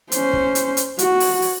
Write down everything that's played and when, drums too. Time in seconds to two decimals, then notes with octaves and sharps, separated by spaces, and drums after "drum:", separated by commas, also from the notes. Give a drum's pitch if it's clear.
0.12 C#4 C5, drum: hi-hat
0.33 drum: kick
0.55 drum: hi-hat
0.77 drum: hi-hat
0.99 F#4, drum: hi-hat
1.20 drum: open hi-hat
1.42 drum: open hi-hat